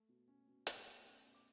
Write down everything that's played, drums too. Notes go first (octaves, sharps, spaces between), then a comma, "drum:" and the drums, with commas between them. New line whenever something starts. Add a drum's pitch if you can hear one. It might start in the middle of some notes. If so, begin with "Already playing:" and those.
Already playing: A3
B2
C#4
B2
A3, drum: hi-hat
B2
C#4
B2
D6